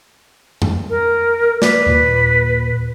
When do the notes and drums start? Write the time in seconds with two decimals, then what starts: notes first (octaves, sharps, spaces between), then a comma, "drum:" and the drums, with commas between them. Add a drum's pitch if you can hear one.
0.62 drum: tom F2
0.90 A#4
1.62 B4 D5 D6, drum: snare
1.87 D#2 A#2